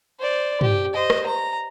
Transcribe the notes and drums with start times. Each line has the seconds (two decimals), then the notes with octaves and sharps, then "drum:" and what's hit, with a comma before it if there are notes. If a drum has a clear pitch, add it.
0.20 C5 D5
0.61 G4, drum: tom
0.94 C5 D#5
1.10 drum: rim click
1.26 A#5